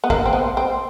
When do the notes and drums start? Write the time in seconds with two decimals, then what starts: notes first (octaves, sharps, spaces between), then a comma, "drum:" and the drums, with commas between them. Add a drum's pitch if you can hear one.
0.04 B3
0.10 A#3, drum: kick
0.26 C4
0.33 B3
0.57 C4